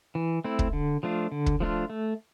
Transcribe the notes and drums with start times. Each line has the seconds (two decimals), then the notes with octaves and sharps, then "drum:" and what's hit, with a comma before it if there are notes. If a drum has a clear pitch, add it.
0.15 E3
0.44 A3 C4 E4
0.59 drum: kick
0.73 D3
1.03 F3 A3 D4 F4
1.32 D3
1.46 drum: kick
1.60 F3 A3 D4 F4
1.90 A3